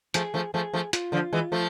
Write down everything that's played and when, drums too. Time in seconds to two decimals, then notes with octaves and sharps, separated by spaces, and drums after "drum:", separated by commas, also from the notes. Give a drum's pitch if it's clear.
0.14 F3 A3 G#4, drum: hi-hat
0.34 F3 A3
0.54 F3 A3 G#4
0.74 F3 A3
0.93 F4, drum: hi-hat
1.12 D3 F3
1.33 E3 G#3
1.52 F3 A3